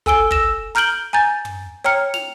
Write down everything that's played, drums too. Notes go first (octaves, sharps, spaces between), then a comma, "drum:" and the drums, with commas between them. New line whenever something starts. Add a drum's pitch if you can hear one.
A4 G#5 E6 D7 G7, drum: kick
E6 A#6 E7, drum: kick
A#5 F6 G6 D7 F#7 G7
G#5 A#5 G6 A6
drum: tom
C#5 G5 A#5 F6 C#7
F7, drum: snare